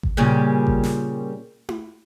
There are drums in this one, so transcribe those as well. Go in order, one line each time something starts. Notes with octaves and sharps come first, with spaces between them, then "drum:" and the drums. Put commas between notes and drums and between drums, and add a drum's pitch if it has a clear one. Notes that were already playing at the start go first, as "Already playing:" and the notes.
drum: kick G#1
A#2 C#3 G3
drum: kick G#1
drum: snare
drum: tom E4